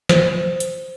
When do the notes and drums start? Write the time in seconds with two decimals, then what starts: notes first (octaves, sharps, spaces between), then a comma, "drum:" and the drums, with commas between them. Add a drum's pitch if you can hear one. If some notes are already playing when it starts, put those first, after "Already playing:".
0.09 C5, drum: snare
0.60 drum: hi-hat